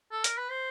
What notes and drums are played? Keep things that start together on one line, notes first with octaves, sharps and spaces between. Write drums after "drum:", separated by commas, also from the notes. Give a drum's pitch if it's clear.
A4
A#4, drum: hi-hat
B4
C5